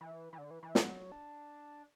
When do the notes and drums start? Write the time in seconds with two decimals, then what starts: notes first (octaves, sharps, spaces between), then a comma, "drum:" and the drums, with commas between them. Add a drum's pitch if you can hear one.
0.01 E3
0.33 E3
0.38 D3
0.51 E3
0.63 E3
0.75 F#3, drum: snare
1.12 D4